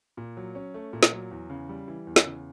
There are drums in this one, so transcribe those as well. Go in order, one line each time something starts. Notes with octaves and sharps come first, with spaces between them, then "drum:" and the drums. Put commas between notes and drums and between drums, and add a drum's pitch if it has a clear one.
A#2
F#3
C#4
A3
A#2
drum: snare
F#3
E2
C#3
G3
E3
E2
drum: snare
C#3